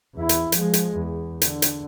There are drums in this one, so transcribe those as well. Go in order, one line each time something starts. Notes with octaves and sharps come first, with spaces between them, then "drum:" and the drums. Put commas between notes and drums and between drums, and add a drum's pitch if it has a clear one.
E2 E4
drum: hi-hat
F3 G#3, drum: hi-hat
drum: hi-hat
E2
D3, drum: hi-hat
drum: hi-hat